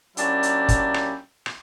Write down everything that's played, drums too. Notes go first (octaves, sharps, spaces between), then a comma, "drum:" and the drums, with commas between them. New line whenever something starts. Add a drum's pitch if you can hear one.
F#3 A#3 C#4 D4 E4 G4, drum: hi-hat
drum: hi-hat
drum: kick, hi-hat
drum: rim click
drum: rim click